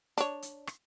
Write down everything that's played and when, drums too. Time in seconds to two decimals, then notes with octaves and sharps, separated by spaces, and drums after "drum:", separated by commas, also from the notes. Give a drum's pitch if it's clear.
0.18 D4 C#5, drum: hi-hat
0.42 drum: hi-hat
0.67 drum: rim click